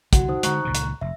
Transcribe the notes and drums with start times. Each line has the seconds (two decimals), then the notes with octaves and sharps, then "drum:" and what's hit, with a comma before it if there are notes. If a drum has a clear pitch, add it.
0.13 C2 D3 F#4 F#5, drum: kick, hi-hat
0.28 D#4 C5 D#6
0.43 D3 G#3 A#5 C#6 F#6, drum: hi-hat
0.65 C#2 A#2 D#3
0.75 drum: hi-hat
1.01 F1 E5